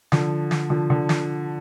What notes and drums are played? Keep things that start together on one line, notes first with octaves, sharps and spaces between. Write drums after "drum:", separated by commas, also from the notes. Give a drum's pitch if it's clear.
D3 F3, drum: snare
drum: snare
D3 F3
D3
drum: snare